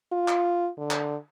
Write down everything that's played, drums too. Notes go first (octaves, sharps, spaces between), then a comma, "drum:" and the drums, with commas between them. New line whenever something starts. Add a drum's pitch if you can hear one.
F4
drum: clap
D3
drum: clap